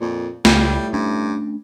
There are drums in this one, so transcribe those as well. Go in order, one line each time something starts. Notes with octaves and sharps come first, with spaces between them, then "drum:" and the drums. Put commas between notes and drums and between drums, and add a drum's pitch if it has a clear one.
F2 A#2
C#2 A2 G3, drum: snare
G2 A3 C#4 D4